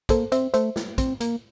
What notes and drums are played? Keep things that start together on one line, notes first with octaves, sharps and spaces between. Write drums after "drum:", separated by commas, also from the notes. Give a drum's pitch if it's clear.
A#3 A4 C5, drum: kick, hi-hat
C4 C5 E5, drum: hi-hat
A3 C5 E5, drum: hi-hat
drum: snare
C4, drum: kick, hi-hat
A#3, drum: hi-hat